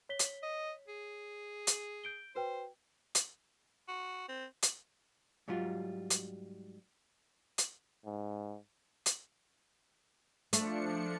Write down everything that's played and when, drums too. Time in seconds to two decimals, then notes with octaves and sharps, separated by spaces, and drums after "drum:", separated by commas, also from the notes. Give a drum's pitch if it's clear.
0.09 C#5 B6 G7
0.19 drum: hi-hat
0.43 D#5
0.88 G#4
1.67 drum: hi-hat
2.04 G6 D7 G7
2.35 F#4 B4 C5 G5
3.15 drum: hi-hat
3.89 F#4
4.29 C4
4.62 drum: hi-hat
5.48 G#2 F#3 G3 F4
6.10 drum: hi-hat
7.58 drum: hi-hat
8.05 G#2
9.06 drum: hi-hat
10.53 F3 A3 D4 C#7, drum: hi-hat